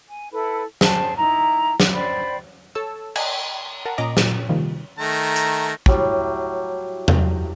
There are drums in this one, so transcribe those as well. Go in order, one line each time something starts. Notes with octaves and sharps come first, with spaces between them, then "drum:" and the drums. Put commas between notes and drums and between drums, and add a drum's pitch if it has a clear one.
G#5
E4 A4 B4
G#4 C5 G5 A5, drum: snare
D#4 E4 A#5
drum: snare
C5 D5 G5 B5
A4 C#5 A5 E6
D5 D#5 G#5 F#6 G#6, drum: cymbal
A#4 F#5 A5
A#2 C#4 D#5 A#5 D6
A#2, drum: snare
C3 D#3 F3 G3 A#3
D#3 A3 A#5
drum: hi-hat
A2 F#3 G3, drum: kick
drum: tom E2